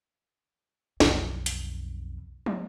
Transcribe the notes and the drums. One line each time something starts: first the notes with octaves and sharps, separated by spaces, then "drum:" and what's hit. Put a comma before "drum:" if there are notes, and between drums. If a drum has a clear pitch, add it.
B1 F2, drum: snare
drum: hi-hat
drum: tom